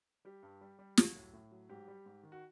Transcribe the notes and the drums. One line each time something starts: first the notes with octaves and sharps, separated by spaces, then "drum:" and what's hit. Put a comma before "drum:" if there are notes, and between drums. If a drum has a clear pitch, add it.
G3 G4
G2
G3
G3
F#3, drum: snare
A2
A2
F#3
G#2 G4
G3
G#2
D#3
F#4